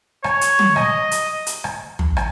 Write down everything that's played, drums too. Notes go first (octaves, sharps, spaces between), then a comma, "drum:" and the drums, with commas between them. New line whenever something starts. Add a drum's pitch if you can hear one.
C#5, drum: rim click
drum: hi-hat
drum: tom
D#5, drum: rim click
drum: hi-hat
drum: hi-hat
drum: rim click
drum: tom
drum: rim click